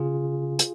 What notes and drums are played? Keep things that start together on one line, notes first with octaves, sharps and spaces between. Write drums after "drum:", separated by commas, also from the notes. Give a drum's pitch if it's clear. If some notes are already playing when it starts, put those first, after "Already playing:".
Already playing: C#3 F4 G#4
drum: hi-hat